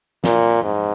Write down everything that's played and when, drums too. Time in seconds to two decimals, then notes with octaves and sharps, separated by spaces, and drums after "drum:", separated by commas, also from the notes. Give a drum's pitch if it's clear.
0.24 A#2, drum: snare
0.63 G#2